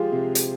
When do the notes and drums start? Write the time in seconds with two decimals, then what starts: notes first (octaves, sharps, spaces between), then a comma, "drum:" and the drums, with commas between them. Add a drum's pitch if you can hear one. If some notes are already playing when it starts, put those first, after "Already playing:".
Already playing: F3 G#3 F4 G4 G#4
0.12 C3
0.35 drum: hi-hat